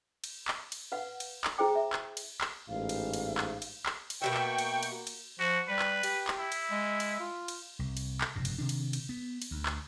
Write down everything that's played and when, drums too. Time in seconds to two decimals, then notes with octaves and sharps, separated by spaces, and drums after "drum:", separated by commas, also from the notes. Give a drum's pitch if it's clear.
0.24 drum: cymbal
0.48 drum: clap
0.72 drum: cymbal
0.92 B4 F5 F#5
1.20 drum: cymbal
1.44 drum: clap
1.58 E4 G#4 C5 G5 D6
1.75 E5
1.93 drum: clap
2.17 drum: cymbal
2.41 drum: clap
2.69 A1 G#2 F5
2.89 drum: cymbal
3.13 drum: cymbal
3.38 drum: clap
3.62 drum: cymbal
3.86 drum: clap
4.10 drum: cymbal
4.22 B2 F#3 A#3 F#4 E5 G5 C#6
4.34 drum: clap
4.58 drum: cymbal
4.83 drum: cymbal
5.07 drum: cymbal
5.39 F3 F#4
5.68 G3 B4
5.79 drum: clap
6.03 G4, drum: cymbal
6.28 drum: clap
6.38 E4
6.52 drum: cymbal
6.71 G#3
7.00 drum: cymbal
7.19 F4
7.48 drum: cymbal
7.79 C2
7.97 drum: cymbal
8.21 drum: clap
8.36 F1 G2 B2
8.45 drum: cymbal
8.58 C3 D#3 D4
8.69 drum: cymbal
8.93 drum: cymbal
9.09 B3
9.42 drum: cymbal
9.51 D2
9.66 drum: clap